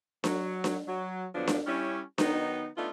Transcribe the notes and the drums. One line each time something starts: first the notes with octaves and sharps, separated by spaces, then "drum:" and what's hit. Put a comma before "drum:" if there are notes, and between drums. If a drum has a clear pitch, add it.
F#3, drum: snare D4
drum: snare D4
F#3
F2 D3 F3 F#3 B3 D4
drum: snare D4
G3 C#4 E4
D#3 F#3 B3 D#4, drum: snare D4
A3 B3 D4 D#4 F4